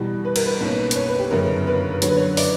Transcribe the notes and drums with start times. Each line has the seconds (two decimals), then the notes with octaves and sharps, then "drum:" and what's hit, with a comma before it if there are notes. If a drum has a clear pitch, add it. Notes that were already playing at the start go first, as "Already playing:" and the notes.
Already playing: E2 B2 G3
0.25 B4
0.36 A#4, drum: cymbal
0.46 B4
0.60 B1 B2 A#3 C#4
0.91 B4, drum: hi-hat
0.96 C#5
1.08 B4
1.19 G4
1.31 G1 F#2 C#3 A#4
1.67 B4
2.02 F#2 D3 F#3 C#5, drum: hi-hat
2.10 B4
2.17 C#5
2.37 D5, drum: open hi-hat